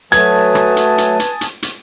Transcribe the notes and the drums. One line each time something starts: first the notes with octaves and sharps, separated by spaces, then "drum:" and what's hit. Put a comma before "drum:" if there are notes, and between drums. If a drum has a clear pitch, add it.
F#3 A3 B4 G#5 A5 D#6 G#6, drum: hi-hat
drum: rim click
drum: hi-hat
drum: hi-hat
drum: hi-hat
drum: hi-hat
drum: hi-hat